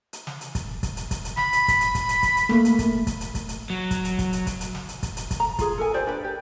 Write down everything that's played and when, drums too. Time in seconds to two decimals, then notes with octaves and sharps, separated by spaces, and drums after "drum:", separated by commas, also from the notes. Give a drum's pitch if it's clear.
0.13 drum: hi-hat
0.27 drum: snare
0.41 drum: hi-hat
0.55 drum: kick, hi-hat
0.83 drum: kick, hi-hat
0.97 drum: hi-hat
1.11 drum: kick, hi-hat
1.25 drum: hi-hat
1.37 B5, drum: snare
1.53 drum: hi-hat
1.68 B5, drum: kick, hi-hat
1.81 drum: hi-hat
1.95 drum: kick, hi-hat
2.09 drum: hi-hat
2.23 drum: kick, hi-hat
2.37 drum: hi-hat
2.49 A3 A#3, drum: snare
2.65 drum: hi-hat
2.79 drum: kick, hi-hat
3.07 drum: kick, hi-hat
3.21 drum: hi-hat
3.35 drum: kick, hi-hat
3.49 drum: hi-hat
3.70 F#3
3.91 drum: kick, hi-hat
4.05 drum: hi-hat
4.19 drum: kick, hi-hat
4.33 drum: hi-hat
4.47 drum: kick, hi-hat
4.61 drum: hi-hat
4.75 drum: snare
4.89 drum: hi-hat
5.03 drum: kick, hi-hat
5.17 drum: hi-hat
5.31 drum: kick, hi-hat
5.40 A#5
5.59 F4 G#4, drum: kick, hi-hat
5.78 A4 A#4 G#5
5.94 F4 G4 C5 D5
6.07 D4 A#4 B4 D5
6.24 G4